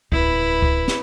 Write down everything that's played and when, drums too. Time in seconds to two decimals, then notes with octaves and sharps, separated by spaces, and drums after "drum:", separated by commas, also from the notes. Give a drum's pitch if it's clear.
0.12 D1 E2 E4 B4, drum: kick C#2
0.62 drum: kick C#2
0.88 drum: snare